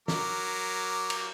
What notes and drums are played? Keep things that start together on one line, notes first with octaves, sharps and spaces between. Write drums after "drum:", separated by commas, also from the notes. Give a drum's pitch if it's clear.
F#3 A#4 D6, drum: snare
drum: cymbal